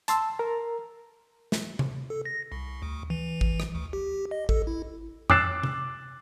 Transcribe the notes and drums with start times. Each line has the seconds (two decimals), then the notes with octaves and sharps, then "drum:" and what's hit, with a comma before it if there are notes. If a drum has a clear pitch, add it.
0.08 A5 C6 E6, drum: hi-hat
0.39 A#4 A#5
1.52 drum: snare
1.79 drum: tom C3
2.10 A4
2.25 A#6
2.52 C2
2.82 D2
3.10 E3
3.41 drum: kick A1
3.60 drum: rim click
3.75 D2
3.93 G4
4.31 D#5
4.49 A4, drum: kick A1
4.67 E4
5.30 D6 E6 F#6 A6 C7 E7, drum: tom F2
5.63 drum: tom C3